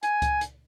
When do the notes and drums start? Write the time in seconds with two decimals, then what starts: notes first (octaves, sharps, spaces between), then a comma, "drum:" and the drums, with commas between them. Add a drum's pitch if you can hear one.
0.03 G#5, drum: hi-hat
0.22 drum: kick C#2, hi-hat
0.41 drum: hi-hat